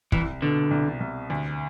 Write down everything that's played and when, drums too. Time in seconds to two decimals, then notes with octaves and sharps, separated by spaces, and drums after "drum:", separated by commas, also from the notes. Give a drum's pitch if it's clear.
0.12 C2 E3, drum: kick
0.42 B2 D3
0.71 C2
1.00 C2
1.30 D2